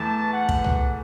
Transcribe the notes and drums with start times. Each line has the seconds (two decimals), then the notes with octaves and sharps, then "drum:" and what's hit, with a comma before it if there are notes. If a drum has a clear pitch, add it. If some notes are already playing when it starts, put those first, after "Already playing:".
Already playing: E2 E3 A3 A5
0.33 F#5
0.49 drum: kick
0.64 drum: tom C2